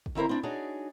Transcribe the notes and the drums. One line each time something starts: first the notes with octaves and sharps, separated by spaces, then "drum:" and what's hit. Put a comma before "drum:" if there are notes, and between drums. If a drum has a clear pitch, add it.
drum: kick
D#3 C4 E4 A#4 C5
C4 D4
D4 D#4 F#4 G#4 C#5 D5